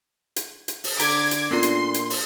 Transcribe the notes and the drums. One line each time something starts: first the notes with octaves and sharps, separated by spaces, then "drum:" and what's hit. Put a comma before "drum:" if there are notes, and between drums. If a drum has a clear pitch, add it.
drum: hi-hat
drum: hi-hat
drum: open hi-hat
D3 A#5 D6 G#6 B6, drum: hi-hat
drum: hi-hat
A#2 B3 C#4 D4 F4 A4 A#4 C6
drum: hi-hat
drum: hi-hat
drum: open hi-hat